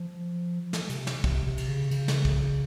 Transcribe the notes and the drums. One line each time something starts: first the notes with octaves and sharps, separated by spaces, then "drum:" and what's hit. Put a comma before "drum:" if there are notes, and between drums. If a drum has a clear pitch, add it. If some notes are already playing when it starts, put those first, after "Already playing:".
Already playing: F3
drum: snare
C3, drum: cymbal
drum: snare
C3, drum: kick
C3
drum: cymbal
C#3
C#3, drum: cymbal
drum: snare
drum: kick